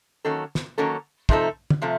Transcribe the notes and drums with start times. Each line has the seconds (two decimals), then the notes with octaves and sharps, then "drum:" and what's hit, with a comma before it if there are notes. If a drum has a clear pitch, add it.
0.25 D#3 F#3 A#3 C#4 A4
0.55 drum: snare
0.78 D#3 F#3 A#3 C#4 A4
1.29 C3 F3 A3 D#4 A4, drum: kick
1.70 drum: tom
1.82 C3 F3 A3